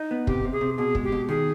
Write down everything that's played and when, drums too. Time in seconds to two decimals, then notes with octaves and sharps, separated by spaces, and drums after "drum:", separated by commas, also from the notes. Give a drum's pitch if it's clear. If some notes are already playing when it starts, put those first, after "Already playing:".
Already playing: D#4
0.11 B3
0.27 C3 G4, drum: kick
0.45 C3
0.52 G#4
0.61 C3
0.78 B2 G#4
0.95 G#3, drum: kick
1.04 G4
1.12 B2
1.28 D#3 G#4